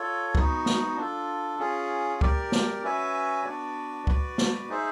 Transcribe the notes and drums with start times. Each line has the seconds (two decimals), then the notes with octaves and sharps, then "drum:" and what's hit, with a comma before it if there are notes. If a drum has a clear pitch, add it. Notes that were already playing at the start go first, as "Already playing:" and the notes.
Already playing: F4 A4 C#5
0.35 B3 D#4 F#4, drum: kick
0.66 drum: snare
0.97 D4 F4 A4
1.59 C#4 F4 G#4
2.21 G4 A#4 D5, drum: kick
2.52 drum: snare
2.83 C#4 F#4 B4 E5 G#5
3.44 B3 D4 F#4 B4 D5
4.07 F#4 B4 D5, drum: kick
4.38 drum: snare
4.69 D#4 G#4 C5 E5